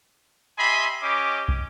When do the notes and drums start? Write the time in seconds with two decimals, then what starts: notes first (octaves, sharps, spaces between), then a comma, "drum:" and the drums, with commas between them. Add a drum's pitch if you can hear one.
0.57 G4 D#5 E5 G#5 B5 C6
1.02 C#4 G4 D#5 D6
1.48 drum: kick